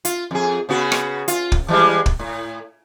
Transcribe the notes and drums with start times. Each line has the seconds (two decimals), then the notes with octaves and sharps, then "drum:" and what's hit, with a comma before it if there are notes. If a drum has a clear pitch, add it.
0.05 F4, drum: hi-hat
0.31 F2 G#4
0.69 C#3 B3 F#4
0.92 drum: rim click
1.28 F4, drum: hi-hat
1.52 drum: kick
1.68 E3 G3 G#3
2.06 drum: kick
2.19 A2